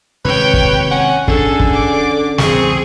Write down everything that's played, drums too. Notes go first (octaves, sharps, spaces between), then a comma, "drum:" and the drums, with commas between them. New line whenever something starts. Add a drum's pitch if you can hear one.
C3 D#3 G#3 B4 C#5 G5
drum: kick
C#4 F#5
D3 C#4 G#4 A4, drum: kick
drum: kick
D6
C#2 F#2 D#3 C4 G#4 C#6, drum: snare